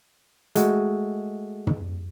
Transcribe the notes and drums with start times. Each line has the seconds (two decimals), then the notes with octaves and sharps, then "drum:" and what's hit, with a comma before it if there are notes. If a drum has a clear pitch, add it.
0.55 G#3 A3 F#4, drum: hi-hat
1.67 drum: tom